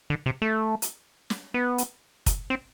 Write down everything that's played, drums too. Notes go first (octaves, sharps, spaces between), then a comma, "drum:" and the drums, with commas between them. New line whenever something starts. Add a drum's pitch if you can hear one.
D3
C3
A3
drum: hi-hat
drum: snare
B3
drum: hi-hat
drum: kick, hi-hat
C4